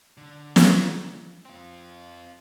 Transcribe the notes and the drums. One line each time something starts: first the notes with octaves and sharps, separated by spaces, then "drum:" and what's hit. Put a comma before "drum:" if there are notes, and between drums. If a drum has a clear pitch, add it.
D3
drum: snare
C4 F4